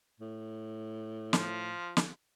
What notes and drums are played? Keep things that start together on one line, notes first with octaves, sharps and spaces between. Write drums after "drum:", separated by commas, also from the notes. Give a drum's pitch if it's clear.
A2
F3, drum: snare
drum: snare